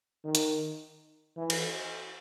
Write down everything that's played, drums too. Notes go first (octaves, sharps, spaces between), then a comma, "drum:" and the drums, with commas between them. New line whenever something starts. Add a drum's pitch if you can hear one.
D#3
drum: hi-hat
E3
drum: cymbal